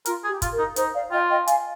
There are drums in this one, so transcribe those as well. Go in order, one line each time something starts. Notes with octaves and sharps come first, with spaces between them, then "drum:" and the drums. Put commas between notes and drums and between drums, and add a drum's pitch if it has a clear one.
F4 A#4, drum: hi-hat
G#4
G4
F4, drum: kick, hi-hat
A#4
D#4
D#4 C5, drum: hi-hat
D5 F5
F4 D#5 G5
D#5 G5
F5 G#5, drum: hi-hat